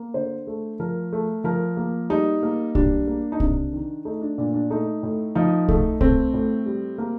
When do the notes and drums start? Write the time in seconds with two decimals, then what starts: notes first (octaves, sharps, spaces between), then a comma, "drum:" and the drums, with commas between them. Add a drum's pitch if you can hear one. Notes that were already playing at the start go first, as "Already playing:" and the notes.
Already playing: A#3
0.14 D3 C5
0.47 A3
0.80 F3 A#4
1.13 A3
1.44 F3 A#4
1.77 A#3
2.10 G3 D#4
2.43 A#3
2.75 G3 D4, drum: kick
3.07 A#3
3.32 D#4
3.40 C3 D4, drum: kick
3.73 D#3
4.05 A3 D#4
4.22 D4
4.38 A#2 D4
4.54 D4
4.70 A3 D#4
5.03 A2
5.35 F3 D#4
5.68 A3, drum: kick
6.01 A3 C4, drum: kick
6.34 A2
6.66 G3
6.98 A#3